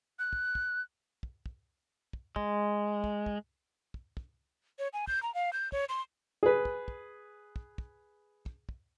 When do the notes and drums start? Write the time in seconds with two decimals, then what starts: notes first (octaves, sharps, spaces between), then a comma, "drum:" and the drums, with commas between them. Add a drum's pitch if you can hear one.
0.19 F#6
0.33 drum: kick
0.55 drum: kick
1.23 drum: kick
1.46 drum: kick
2.13 drum: kick
2.36 G#3, drum: kick
3.04 drum: kick
3.26 drum: kick
3.94 drum: kick
4.17 drum: kick
4.79 C#5
4.93 G#5
5.07 G6, drum: kick
5.23 A#5
5.34 F5
5.53 G6
5.72 C#5, drum: kick
5.89 C6
6.43 G#4 B4
6.65 drum: kick
6.88 drum: kick
7.56 drum: kick
7.78 drum: kick
8.46 drum: kick
8.69 drum: kick